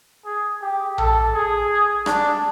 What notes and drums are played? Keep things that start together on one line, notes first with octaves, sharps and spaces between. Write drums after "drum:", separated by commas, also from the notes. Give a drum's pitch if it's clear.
G#4
G4
A4, drum: tom A#1
G#4
D4, drum: rim click